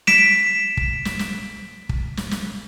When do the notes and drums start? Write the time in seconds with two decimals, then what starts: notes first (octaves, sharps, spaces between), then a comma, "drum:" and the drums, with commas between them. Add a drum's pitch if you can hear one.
0.07 B6 D7 E7, drum: snare
0.77 drum: kick
1.05 drum: snare
1.19 drum: snare
1.89 drum: kick
2.17 drum: snare
2.31 drum: snare